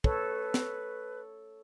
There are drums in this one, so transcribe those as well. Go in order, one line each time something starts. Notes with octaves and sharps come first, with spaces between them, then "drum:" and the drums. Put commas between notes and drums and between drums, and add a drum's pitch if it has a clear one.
A4 B4 C#5, drum: kick
drum: snare